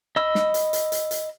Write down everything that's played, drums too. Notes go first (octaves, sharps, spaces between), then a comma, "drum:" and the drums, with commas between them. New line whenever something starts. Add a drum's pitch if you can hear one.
D#5 B5 E6
drum: snare
drum: hi-hat
drum: hi-hat
drum: hi-hat
drum: hi-hat